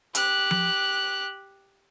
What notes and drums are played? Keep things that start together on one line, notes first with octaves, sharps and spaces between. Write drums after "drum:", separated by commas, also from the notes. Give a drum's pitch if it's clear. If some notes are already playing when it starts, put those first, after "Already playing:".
G4 F#6, drum: hi-hat
drum: tom F3